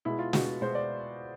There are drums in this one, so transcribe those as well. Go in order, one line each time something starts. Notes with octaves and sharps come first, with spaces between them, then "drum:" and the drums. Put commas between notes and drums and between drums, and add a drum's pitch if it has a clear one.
B2 G#3 E4
F4
B2 G#3 F#4, drum: snare
B2 G#3 C5
D5